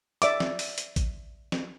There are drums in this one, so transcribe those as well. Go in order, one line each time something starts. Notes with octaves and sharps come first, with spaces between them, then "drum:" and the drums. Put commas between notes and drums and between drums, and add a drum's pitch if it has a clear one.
D5 E5 D6, drum: hi-hat
drum: snare
drum: open hi-hat
drum: hi-hat
drum: kick A1, hi-hat
drum: snare